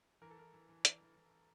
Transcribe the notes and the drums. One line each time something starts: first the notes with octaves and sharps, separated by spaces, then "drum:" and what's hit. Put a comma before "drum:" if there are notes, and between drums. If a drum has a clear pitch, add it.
E3 A#4
A4
E3 A#4
E3
E3
E3, drum: hi-hat
E3
E3